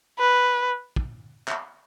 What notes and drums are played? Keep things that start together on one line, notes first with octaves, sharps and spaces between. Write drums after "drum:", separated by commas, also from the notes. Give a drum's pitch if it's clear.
B4
drum: kick
drum: clap